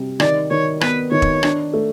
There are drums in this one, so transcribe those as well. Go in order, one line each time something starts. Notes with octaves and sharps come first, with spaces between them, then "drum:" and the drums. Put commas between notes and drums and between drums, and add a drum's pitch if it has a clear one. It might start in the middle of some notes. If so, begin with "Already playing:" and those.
Already playing: C3 G3
D#3 D5, drum: rim click
D#3 C#5
B3 B4, drum: rim click
D#3 C#5
drum: kick E1
D4, drum: rim click
A3